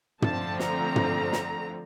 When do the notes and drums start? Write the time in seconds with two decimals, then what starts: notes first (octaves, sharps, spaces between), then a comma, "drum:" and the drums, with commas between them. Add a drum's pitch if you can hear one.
0.22 D3 F3 A3 C4 A5, drum: tom
0.60 A#5, drum: snare
0.96 drum: tom
1.33 drum: snare